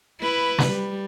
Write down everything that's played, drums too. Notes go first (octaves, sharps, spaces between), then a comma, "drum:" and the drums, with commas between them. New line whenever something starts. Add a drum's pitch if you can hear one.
E4 B4
drum: snare
G3